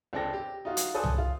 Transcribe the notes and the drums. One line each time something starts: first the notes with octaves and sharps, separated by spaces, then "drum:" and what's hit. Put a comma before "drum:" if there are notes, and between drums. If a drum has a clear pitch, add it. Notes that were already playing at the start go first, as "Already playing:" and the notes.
C#2 C4 D4 A4 G5 A#6
G4
D#4 F4 F#4
drum: hi-hat
A4 B4 C5 D5 G#5 D#6
drum: tom C2
F4